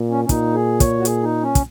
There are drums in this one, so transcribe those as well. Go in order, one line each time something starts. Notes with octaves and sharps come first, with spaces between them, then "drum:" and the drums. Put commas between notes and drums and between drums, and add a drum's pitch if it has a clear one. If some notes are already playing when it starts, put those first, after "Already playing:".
Already playing: A#2
C#4
C#4
A#2 D#4, drum: kick, hi-hat
G#4
C#5, drum: kick, hi-hat
F#4
G#4, drum: hi-hat
D#4
C#4
drum: kick, hi-hat